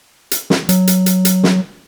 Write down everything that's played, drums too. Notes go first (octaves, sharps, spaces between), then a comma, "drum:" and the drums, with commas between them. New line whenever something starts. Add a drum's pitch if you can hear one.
drum: hi-hat
drum: snare
F#3, drum: hi-hat
drum: hi-hat
drum: hi-hat
drum: hi-hat
drum: snare